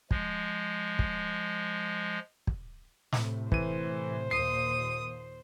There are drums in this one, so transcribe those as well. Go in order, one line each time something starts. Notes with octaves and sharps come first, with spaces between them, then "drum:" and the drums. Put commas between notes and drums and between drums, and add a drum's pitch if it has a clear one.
F3 G#3, drum: kick
drum: kick
drum: kick
A2 C3, drum: snare
E3 C5 D#7, drum: kick
D#2 A#2 D#6 C7